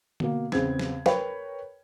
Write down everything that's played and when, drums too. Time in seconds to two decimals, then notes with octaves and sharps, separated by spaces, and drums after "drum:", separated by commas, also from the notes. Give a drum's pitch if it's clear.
0.20 B2 A#3, drum: tom D3
0.52 E2 C#3 B3 C4 G#6, drum: snare
0.79 drum: snare
1.06 A#4 B4 C#5 G5 B5, drum: snare